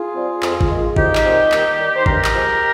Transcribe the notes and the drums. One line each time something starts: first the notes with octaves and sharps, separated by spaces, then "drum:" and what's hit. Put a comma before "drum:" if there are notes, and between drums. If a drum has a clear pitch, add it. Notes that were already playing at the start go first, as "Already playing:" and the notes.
Already playing: F4 G#4
G3 C4
F2, drum: clap
drum: kick
D#3 G#3
C2 D#4 G4, drum: kick
drum: clap
A#2 G3 C4
D#2, drum: clap
D#3 G3
C5
G2 G4 A#4, drum: kick
drum: clap
F3 G#3